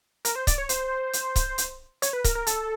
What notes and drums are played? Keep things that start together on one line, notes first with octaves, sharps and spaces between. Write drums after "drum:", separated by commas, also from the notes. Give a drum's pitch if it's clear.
A#4, drum: hi-hat
C5
D5, drum: kick C#1, hi-hat
C#5
C5, drum: hi-hat
drum: hi-hat
drum: kick C#1, hi-hat
drum: hi-hat
C#5, drum: hi-hat
B4
A#4, drum: kick C#1, hi-hat
A#4
A4, drum: hi-hat